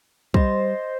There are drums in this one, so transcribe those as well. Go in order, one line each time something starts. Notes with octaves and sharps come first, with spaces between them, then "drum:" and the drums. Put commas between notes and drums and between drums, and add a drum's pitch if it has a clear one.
G3 C5 D#5 A#6, drum: kick